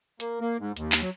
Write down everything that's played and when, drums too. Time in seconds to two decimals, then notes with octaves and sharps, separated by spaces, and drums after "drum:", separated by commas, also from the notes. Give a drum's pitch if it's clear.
0.20 A#3, drum: hi-hat
0.41 A#3
0.60 G#2
0.77 D#2, drum: hi-hat
0.92 drum: clap
1.01 F#3